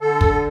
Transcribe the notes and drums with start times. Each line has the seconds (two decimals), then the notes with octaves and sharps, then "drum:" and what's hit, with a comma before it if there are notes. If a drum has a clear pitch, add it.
0.01 D3 A4
0.21 drum: kick